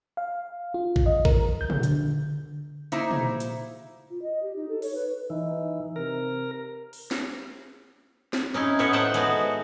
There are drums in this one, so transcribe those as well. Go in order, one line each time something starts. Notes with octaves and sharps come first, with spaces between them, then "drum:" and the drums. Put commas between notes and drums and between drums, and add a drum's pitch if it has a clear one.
F5
F4
drum: kick A1
D#5
A#4, drum: kick A1
G6
drum: tom
D3, drum: hi-hat
A#3 D#4 E4 C5 E5, drum: hi-hat
drum: tom
drum: hi-hat
F4
D#5
G4
D#4
A4
C#5, drum: open hi-hat
B4
E3 D#4
C3 A#4
drum: open hi-hat
drum: snare
drum: snare
C#4 D#4 E4
A2 B3 D#4 C#5 E5
C5 C#5 F#5 G5 A5
G#3 A3 B3 F#4, drum: hi-hat